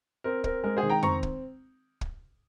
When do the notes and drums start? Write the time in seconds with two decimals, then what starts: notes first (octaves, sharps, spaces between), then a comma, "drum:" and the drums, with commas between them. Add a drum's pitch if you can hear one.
0.24 C4 A#4
0.44 C4 A#4, drum: kick
0.64 G#3 A#4
0.77 G#4 C5
0.83 D#3
0.90 G5 A#5
1.03 C4 A#5 C#6, drum: tom F2
1.23 drum: kick
2.01 drum: kick